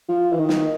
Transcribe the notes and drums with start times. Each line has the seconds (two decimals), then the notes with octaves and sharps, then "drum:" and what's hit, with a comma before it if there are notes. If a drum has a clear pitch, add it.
0.08 F3
0.32 E3
0.38 D#3
0.49 drum: snare